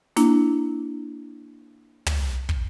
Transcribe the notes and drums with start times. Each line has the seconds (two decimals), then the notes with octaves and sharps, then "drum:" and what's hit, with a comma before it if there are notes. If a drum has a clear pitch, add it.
0.16 A#3 D4 E4, drum: snare
2.06 drum: tom
2.49 drum: kick